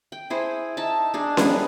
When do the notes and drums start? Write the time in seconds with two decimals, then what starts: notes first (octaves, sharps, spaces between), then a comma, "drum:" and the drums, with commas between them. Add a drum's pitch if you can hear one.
0.12 G5
0.30 E4 G#4 C5
0.77 D#4 E5 A5
1.14 D4 D#4 G#4
1.37 G3 B3 E4 G#4, drum: snare C#4